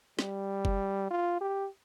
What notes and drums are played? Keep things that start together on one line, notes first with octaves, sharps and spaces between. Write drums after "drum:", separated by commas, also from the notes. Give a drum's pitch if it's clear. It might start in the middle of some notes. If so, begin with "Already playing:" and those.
G3, drum: snare
drum: kick F#1
F4
G4